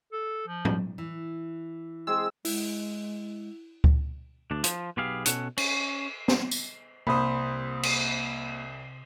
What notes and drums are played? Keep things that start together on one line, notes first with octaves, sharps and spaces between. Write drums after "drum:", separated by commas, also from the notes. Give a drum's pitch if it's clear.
A4
F3
drum: tom A2
E3
G#3 C4 G#4 E6
G#3 E4, drum: open hi-hat
drum: kick C#2
D2 D4
F3, drum: hi-hat
B1 B3 G4 G#4 F5
B2 C#4 A4 F#5, drum: hi-hat
C#4, drum: cymbal
drum: snare
drum: tambourine
C2 C3 A#3 C5 B5 D#6
drum: cymbal